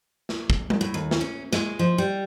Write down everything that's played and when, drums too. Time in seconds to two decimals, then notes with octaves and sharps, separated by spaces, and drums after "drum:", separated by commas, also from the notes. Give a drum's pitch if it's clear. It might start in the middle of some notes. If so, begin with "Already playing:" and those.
0.29 drum: snare
0.50 drum: kick
0.70 drum: tom G3
0.81 A2
0.94 D#2
1.11 drum: snare
1.21 C#4
1.52 G#3, drum: snare
1.79 F3
1.98 G3